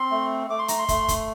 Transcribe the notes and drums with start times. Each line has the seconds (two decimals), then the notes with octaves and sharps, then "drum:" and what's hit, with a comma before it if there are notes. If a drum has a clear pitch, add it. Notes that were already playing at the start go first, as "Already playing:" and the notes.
Already playing: C4 C6
0.11 A3
0.50 A3 D6
0.59 C6
0.68 A#5, drum: hi-hat
0.78 C6
0.89 A3, drum: kick, hi-hat
1.08 drum: kick, hi-hat